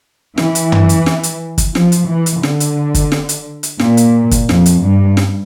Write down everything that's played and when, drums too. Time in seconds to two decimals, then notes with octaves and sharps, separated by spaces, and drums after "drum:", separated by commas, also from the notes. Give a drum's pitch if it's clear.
0.38 E3, drum: snare
0.55 drum: hi-hat
0.72 drum: tom
0.89 drum: hi-hat
1.06 drum: snare
1.23 drum: hi-hat
1.58 drum: kick, hi-hat
1.75 F3, drum: snare
1.92 drum: hi-hat
2.09 E3
2.26 drum: hi-hat
2.43 D3, drum: snare
2.60 drum: hi-hat
2.95 drum: kick, hi-hat
3.12 drum: snare
3.29 drum: hi-hat
3.63 drum: hi-hat
3.79 A#2, drum: snare
3.97 drum: hi-hat
4.31 drum: kick, hi-hat
4.49 F2, drum: snare
4.66 drum: hi-hat
4.83 G2
5.17 drum: snare